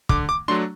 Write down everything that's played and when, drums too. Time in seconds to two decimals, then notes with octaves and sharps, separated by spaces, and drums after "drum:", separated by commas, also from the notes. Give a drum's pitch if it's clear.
0.09 D3 D6, drum: kick
0.29 D6
0.48 F#3 A3 D4 C6